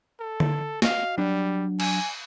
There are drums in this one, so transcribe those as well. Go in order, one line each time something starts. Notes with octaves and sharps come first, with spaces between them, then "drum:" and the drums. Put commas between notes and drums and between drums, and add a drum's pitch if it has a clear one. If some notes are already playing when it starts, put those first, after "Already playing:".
A4
drum: tom D3
F#4 D#5 F5, drum: snare
F#3 G3 D4
G#5, drum: cymbal